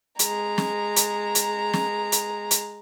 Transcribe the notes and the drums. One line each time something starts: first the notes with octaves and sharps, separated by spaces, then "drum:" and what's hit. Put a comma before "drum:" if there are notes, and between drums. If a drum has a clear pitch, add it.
G#3 A#5, drum: hi-hat
drum: snare
drum: hi-hat
drum: hi-hat
drum: snare
drum: hi-hat
drum: hi-hat